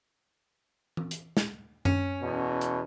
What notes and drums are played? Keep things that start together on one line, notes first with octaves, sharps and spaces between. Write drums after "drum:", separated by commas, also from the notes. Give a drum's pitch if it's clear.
drum: tom E3
drum: hi-hat
drum: snare
C#4, drum: tom F#2
E2 B2
drum: hi-hat